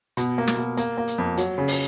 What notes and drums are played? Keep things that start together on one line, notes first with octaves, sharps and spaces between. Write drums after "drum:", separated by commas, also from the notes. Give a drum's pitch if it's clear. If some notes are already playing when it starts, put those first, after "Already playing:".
B2, drum: hi-hat
A#3
drum: snare
B2
A#3, drum: hi-hat
A#3
drum: hi-hat
F2
F#3, drum: hi-hat
C#3
drum: open hi-hat